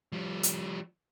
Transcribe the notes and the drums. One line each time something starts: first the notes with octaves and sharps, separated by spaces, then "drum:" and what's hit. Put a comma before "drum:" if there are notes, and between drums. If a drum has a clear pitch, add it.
F3 G3
drum: hi-hat